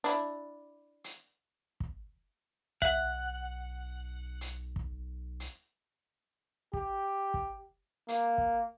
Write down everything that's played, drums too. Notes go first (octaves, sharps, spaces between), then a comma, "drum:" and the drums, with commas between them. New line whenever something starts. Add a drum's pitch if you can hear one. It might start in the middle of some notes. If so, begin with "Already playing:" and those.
D4 E4, drum: hi-hat
drum: hi-hat
drum: kick
B1 E5 F#5, drum: kick
drum: hi-hat
drum: kick
drum: hi-hat
G4, drum: kick
drum: kick
A#3, drum: hi-hat
drum: kick